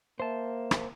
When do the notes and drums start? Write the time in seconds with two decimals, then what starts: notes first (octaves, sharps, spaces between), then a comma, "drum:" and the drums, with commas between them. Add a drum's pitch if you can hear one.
0.20 A#3 C5 E5 A5
0.71 drum: rim click